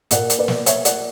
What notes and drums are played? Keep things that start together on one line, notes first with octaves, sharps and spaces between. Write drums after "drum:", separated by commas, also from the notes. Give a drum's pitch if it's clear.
A#2 A#3 D5 F#5, drum: hi-hat
drum: hi-hat
B4 D5
drum: snare
C#5 E5, drum: hi-hat
D5 F#5, drum: hi-hat